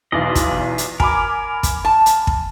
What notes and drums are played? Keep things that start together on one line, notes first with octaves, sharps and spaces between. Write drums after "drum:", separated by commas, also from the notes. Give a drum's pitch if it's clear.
B1 E2 F4 D5 D#5
drum: kick, hi-hat
drum: hi-hat
A#4 G#5 B5 D6, drum: kick
drum: kick, hi-hat
A5
drum: hi-hat
drum: kick